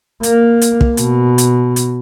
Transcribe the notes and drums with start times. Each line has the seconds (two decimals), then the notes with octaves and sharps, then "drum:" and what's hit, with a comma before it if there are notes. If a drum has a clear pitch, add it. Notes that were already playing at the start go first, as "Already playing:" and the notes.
0.23 A#3, drum: hi-hat
0.61 drum: hi-hat
0.81 drum: kick
0.97 B2, drum: hi-hat
1.38 drum: hi-hat
1.76 drum: hi-hat